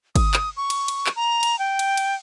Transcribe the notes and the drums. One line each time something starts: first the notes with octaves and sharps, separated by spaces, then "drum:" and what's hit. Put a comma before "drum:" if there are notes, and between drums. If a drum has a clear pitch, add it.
D#6, drum: kick G#1, cymbal
drum: clap
C#6
drum: cymbal
drum: cymbal
drum: clap
A#5
drum: cymbal
G5
drum: cymbal
drum: cymbal